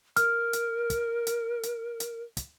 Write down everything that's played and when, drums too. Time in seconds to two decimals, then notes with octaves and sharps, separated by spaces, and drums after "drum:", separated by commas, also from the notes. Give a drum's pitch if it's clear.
0.16 A#4 F6, drum: hi-hat
0.53 drum: hi-hat
0.90 drum: kick, hi-hat
1.27 drum: hi-hat
1.63 drum: hi-hat
2.00 drum: hi-hat
2.37 drum: kick, hi-hat